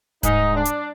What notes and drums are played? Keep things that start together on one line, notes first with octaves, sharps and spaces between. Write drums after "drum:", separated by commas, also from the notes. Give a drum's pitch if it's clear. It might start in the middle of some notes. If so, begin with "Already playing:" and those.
G#2 D#4, drum: kick D1, hi-hat
D4
drum: hi-hat